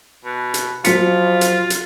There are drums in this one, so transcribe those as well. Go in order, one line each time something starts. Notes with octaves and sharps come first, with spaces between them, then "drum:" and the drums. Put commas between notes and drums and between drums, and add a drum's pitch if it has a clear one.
B2
drum: hi-hat
F3 F#3 F4 B6 C#7, drum: hi-hat
drum: hi-hat
drum: hi-hat